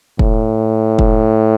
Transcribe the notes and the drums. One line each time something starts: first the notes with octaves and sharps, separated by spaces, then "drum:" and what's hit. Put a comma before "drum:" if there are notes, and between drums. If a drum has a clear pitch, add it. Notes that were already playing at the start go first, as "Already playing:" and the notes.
A2, drum: kick
drum: kick